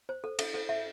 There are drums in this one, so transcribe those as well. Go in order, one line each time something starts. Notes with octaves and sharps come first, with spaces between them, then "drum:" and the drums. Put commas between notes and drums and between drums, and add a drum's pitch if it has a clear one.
C5
A4
A4, drum: cymbal
A4
E5